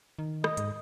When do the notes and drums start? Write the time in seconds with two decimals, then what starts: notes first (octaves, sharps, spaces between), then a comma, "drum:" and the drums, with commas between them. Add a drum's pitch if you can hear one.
0.19 D#3
0.44 D#5, drum: rim click
0.57 G#2, drum: hi-hat